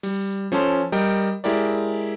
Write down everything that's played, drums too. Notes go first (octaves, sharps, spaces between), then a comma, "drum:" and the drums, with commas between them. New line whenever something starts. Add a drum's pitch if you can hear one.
G3, drum: open hi-hat
F3 C#4 A4 A5 C6
G3 A#4 D#5 G5
G#3 E4 G4 A#4 D5, drum: open hi-hat